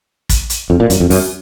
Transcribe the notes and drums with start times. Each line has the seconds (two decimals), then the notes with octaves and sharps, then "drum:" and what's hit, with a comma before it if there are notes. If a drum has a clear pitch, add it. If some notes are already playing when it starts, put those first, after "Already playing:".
0.29 drum: kick, hi-hat
0.50 drum: hi-hat
0.70 F2
0.80 A#2
0.90 F#2, drum: hi-hat
1.00 F2
1.10 F#2, drum: open hi-hat